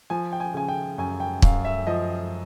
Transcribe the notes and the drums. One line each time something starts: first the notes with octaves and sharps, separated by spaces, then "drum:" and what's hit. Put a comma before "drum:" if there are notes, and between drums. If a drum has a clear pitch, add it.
F3 G#5
G5
G#5
C#3 G#5
G5
F#2 G#5
G5
F#2 F5, drum: kick
E5
F3 D#5